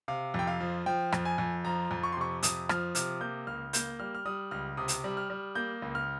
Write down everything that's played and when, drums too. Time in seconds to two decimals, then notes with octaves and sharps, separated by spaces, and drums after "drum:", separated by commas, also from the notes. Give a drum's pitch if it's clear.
0.08 C3 F5
0.34 F2 G5
0.47 F5
0.60 F3
0.86 F3 G5
1.12 F2, drum: rim click
1.25 G#5
1.38 F2
1.64 F3 A#5
1.91 F2
2.03 C#6
2.12 C6
2.17 C3 C#6
2.43 F2 D#6, drum: hi-hat
2.69 F3 F6, drum: rim click
2.95 C3 F6, drum: hi-hat
3.20 A#3 G6
3.47 C#2 F6
3.73 A#3 G6, drum: hi-hat
3.99 G3 F6
4.15 F6
4.25 G3 D#6
4.51 C#2 F6
4.77 C3 D#6
4.88 drum: hi-hat
5.04 G3
5.17 F6
5.30 G3
5.55 A#3 G6
5.82 C#2
5.95 F6